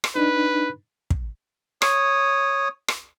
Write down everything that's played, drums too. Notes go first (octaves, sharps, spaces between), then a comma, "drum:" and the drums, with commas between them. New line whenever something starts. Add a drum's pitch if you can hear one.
drum: rim click
D4 D#4 B4
drum: kick
C#5 D#6, drum: rim click
drum: rim click